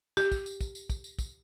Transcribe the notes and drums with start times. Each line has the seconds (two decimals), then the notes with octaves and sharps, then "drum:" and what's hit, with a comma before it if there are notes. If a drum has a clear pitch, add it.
0.17 G4, drum: tambourine
0.32 drum: kick, tambourine
0.46 drum: tambourine
0.61 drum: kick, tambourine
0.75 drum: tambourine
0.90 drum: kick, tambourine
1.04 drum: tambourine
1.19 drum: kick, tambourine